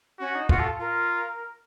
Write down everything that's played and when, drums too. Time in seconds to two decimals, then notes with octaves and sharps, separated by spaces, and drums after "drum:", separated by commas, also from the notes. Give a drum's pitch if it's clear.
0.19 C#4 F#4
0.35 D#4
0.49 F4 F#4, drum: kick
0.59 A4
0.80 F4 A#4